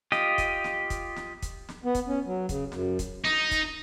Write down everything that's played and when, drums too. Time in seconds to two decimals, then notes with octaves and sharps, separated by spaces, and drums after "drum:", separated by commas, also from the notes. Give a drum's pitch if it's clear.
0.12 F4 G4 D#5, drum: snare
0.38 drum: kick, hi-hat
0.64 drum: snare
0.90 drum: kick, hi-hat
1.16 drum: snare
1.42 drum: kick, hi-hat
1.69 drum: snare
1.84 B3
1.95 drum: kick, hi-hat
2.08 C#4
2.27 F#3
2.49 C#3, drum: kick, hi-hat
2.72 F#2, drum: snare
2.99 drum: kick, hi-hat
3.25 D#4, drum: snare
3.51 drum: kick, hi-hat